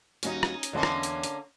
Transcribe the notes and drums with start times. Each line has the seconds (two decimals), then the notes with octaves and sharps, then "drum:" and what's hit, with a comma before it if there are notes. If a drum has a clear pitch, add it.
0.23 D#2 G3 C#4 D#4 F#4, drum: hi-hat
0.43 drum: rim click
0.63 drum: hi-hat
0.73 E2 D3 A#3 C#4 D#5 A5
0.83 drum: rim click
1.03 drum: hi-hat
1.23 drum: hi-hat